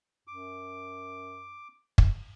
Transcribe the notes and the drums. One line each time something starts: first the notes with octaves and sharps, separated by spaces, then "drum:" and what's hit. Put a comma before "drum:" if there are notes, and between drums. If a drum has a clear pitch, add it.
F#2 D6
drum: kick